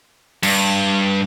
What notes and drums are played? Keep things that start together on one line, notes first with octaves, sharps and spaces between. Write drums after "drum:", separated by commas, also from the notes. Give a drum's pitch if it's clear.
G2, drum: cymbal